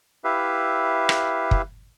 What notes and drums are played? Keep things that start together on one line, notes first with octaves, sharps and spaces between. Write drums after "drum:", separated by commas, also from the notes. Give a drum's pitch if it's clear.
E4 G4 B4 E5 F5
drum: rim click
drum: kick